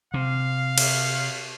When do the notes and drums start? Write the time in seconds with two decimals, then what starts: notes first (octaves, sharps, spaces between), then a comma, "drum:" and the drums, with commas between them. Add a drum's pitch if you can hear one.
0.14 C3 F5
0.78 drum: cymbal